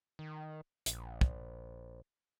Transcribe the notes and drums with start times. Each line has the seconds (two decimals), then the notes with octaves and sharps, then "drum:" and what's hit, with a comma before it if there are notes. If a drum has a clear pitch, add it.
0.19 D#3
0.86 A#1, drum: hi-hat
1.21 drum: kick